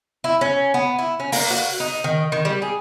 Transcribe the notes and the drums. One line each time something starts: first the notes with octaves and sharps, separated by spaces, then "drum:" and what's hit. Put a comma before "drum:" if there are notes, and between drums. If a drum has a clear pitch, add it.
E4
C#4
B3
E4
C#4
A#3, drum: open hi-hat
F#4
D#4
D#3
D#3
G3
G#4